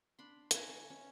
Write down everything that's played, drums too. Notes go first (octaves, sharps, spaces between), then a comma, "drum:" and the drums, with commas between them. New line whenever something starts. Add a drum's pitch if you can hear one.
D4 B5 C6
B4 C#5 D5 G#5, drum: hi-hat
C#4